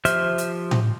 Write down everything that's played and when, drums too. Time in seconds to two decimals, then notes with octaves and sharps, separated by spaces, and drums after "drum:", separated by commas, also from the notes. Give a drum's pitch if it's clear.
0.05 F3 G4 C5 E5 F6, drum: hi-hat
0.38 drum: hi-hat
0.71 drum: tom A2